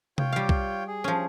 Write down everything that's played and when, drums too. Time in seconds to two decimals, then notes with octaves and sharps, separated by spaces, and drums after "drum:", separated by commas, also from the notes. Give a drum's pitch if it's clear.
0.18 F4 C#5 G5, drum: tom C3
0.32 G3 F5
0.49 drum: kick B1
0.87 G#4
1.04 F3 C#4